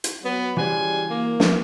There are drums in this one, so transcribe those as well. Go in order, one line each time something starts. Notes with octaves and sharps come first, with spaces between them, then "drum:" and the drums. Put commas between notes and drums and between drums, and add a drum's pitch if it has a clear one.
drum: hi-hat
F#3 B3
C#3 E3 G3 F#4 C5 G#5
A#3
drum: snare